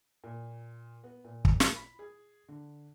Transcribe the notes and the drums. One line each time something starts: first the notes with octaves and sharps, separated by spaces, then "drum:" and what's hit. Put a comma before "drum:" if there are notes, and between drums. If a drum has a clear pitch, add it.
A#2
B3
A#2
drum: kick
drum: snare
B5
G#4
D3